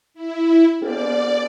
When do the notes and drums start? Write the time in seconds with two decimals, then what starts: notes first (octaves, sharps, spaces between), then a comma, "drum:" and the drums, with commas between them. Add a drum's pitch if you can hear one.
0.14 E4
0.81 D5, drum: cymbal